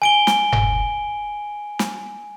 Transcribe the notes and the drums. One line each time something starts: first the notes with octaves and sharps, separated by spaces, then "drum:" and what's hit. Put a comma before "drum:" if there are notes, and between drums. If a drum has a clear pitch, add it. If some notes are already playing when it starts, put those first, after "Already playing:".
G#5 D7 G7
drum: snare
drum: tom F#1
drum: snare